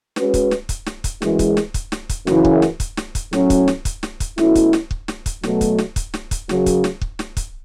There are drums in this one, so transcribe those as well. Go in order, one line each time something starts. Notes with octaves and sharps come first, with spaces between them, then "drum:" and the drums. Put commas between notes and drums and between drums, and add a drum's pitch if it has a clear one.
G#3 C#4 F#4 B4, drum: snare
drum: kick, hi-hat
drum: snare
drum: kick, hi-hat
drum: snare
drum: kick, hi-hat
F#2 E3 G#3, drum: snare
drum: kick, hi-hat
drum: snare
drum: kick, hi-hat
drum: snare
drum: kick, hi-hat
F#2 C#3 E3, drum: snare
drum: kick
drum: snare
drum: kick, hi-hat
drum: snare
drum: kick, hi-hat
A2 F#3 C#4, drum: snare
drum: kick, hi-hat
drum: snare
drum: kick, hi-hat
drum: snare
drum: kick, hi-hat
B2 F#3 A3 C#4 E4, drum: snare
drum: kick, hi-hat
drum: snare
drum: kick
drum: snare
drum: kick, hi-hat
B2 F#3 A3, drum: snare
drum: kick, hi-hat
drum: snare
drum: kick, hi-hat
drum: snare
drum: kick, hi-hat
F#2 C#3 F#3, drum: snare
drum: kick, hi-hat
drum: snare
drum: kick
drum: snare
drum: kick, hi-hat